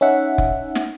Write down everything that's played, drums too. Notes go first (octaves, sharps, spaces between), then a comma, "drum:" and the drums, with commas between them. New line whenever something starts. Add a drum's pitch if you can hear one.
C#4 D#4 E5 F#5
drum: kick F1
drum: snare